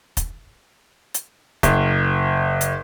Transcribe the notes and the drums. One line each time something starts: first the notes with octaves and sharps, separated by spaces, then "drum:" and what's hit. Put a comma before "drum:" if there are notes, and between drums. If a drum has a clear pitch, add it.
drum: kick, hi-hat
drum: hi-hat
F#1, drum: kick, hi-hat
drum: hi-hat